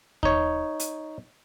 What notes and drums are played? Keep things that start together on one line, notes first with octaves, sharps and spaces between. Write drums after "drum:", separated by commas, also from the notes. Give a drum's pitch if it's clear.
D#4 C#5, drum: kick D#2
drum: hi-hat